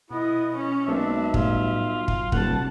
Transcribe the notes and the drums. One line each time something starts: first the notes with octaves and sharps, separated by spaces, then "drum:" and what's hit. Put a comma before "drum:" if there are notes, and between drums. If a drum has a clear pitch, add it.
B2 B3 E4 D#5
C#4 C#5
B1 G#3 A#3 C4 D4 E5
A2 F#3 G3 F4, drum: kick
F#3
drum: kick
D#1 C3 F#3 G3 A#3 F#5 A5, drum: kick